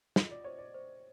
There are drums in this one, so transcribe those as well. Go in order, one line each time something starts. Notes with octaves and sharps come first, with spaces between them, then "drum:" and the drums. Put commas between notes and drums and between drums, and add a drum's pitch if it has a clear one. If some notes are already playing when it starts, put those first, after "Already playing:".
F4 D#5, drum: snare
D5
C5 C#5
D5
C5